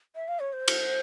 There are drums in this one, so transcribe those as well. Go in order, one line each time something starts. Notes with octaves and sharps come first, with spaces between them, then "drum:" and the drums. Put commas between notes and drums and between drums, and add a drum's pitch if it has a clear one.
E5
F5
C#5
C5
drum: cymbal